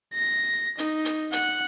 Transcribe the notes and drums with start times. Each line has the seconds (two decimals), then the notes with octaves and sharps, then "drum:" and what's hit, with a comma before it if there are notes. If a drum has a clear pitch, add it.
0.14 A#6
0.78 D#4, drum: hi-hat
1.05 drum: hi-hat
1.32 F#5, drum: hi-hat